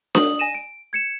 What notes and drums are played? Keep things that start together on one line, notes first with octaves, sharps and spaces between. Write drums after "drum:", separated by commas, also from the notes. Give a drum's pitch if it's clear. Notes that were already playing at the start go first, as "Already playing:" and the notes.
D#6 F#7, drum: snare D4
G#5 A#6 D#7 E7
D7
G#6 C#7 E7